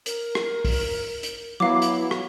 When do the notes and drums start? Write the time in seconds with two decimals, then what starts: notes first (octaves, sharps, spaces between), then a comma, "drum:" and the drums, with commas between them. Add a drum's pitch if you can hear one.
0.06 A#4, drum: hi-hat
0.35 drum: rim click
0.65 drum: kick, open hi-hat
1.23 drum: hi-hat
1.60 F#3 B3 E4 F5 D6
1.82 drum: hi-hat
2.11 drum: rim click